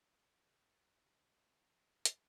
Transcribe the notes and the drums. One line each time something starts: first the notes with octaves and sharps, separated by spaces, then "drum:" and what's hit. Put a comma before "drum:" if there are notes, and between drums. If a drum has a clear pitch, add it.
G#4 A4 B4 C5
D3 E3 A#3 B3
C#5
drum: hi-hat